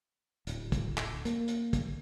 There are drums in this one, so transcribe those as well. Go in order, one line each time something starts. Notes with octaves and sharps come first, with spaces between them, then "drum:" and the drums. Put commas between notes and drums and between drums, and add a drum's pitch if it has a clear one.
D1, drum: hi-hat
drum: kick, hi-hat
drum: clap
A#3, drum: hi-hat
drum: hi-hat
drum: kick, hi-hat